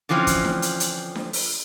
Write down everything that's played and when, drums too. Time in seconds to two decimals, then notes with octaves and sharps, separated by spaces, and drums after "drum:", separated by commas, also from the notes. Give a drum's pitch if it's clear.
0.09 D3 E3 F3 C4 C#4
0.27 drum: kick, hi-hat
0.45 drum: snare D4
0.62 drum: hi-hat
0.80 drum: hi-hat
1.15 drum: snare D4
1.33 drum: open hi-hat